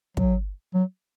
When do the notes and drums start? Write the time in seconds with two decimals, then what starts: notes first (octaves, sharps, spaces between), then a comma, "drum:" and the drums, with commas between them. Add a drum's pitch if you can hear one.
0.17 F#3, drum: kick
0.75 F#3